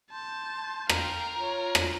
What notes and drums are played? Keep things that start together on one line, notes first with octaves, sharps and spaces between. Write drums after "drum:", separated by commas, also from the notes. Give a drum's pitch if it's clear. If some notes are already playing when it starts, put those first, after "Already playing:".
A5 C6 F#6 G6
A#4 F5 G5, drum: rim click
F4 C#5
drum: rim click